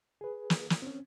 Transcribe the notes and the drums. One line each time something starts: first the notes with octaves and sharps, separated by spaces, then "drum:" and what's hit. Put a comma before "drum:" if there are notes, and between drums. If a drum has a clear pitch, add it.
G#4 B4
drum: snare
drum: snare
C4 C#4